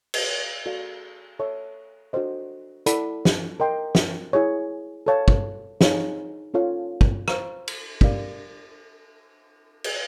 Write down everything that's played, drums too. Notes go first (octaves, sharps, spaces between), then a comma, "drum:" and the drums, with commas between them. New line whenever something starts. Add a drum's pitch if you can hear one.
drum: cymbal
F#4 A4 D5 F5
A4 C#5 E5 A5 C#6
D4 F#4 A4 C5 D#5
E4 A4 D5 F#5 B5, drum: hi-hat
drum: snare
A#4 D#5 G5 C6
drum: snare
E4 G#4 C#5
A4 C#5 F5 A5
drum: kick
D#4 G#4 C#5 F5, drum: snare
C#4 F4 A4 C#5 F5
drum: kick
C5 F5 A#5 C#6, drum: rim click
drum: cymbal
D4 G4 A#4 D5 F5, drum: kick
drum: cymbal